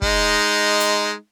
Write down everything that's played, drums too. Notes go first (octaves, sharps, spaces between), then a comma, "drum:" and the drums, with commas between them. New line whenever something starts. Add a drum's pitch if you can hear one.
G#3 D#4, drum: kick
drum: hi-hat